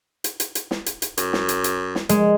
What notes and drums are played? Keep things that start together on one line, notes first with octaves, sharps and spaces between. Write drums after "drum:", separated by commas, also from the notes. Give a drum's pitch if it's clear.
drum: hi-hat
drum: hi-hat
drum: hi-hat
drum: snare
drum: hi-hat
drum: hi-hat
F#2, drum: hi-hat
drum: snare
drum: hi-hat
drum: hi-hat
drum: snare
G#3, drum: hi-hat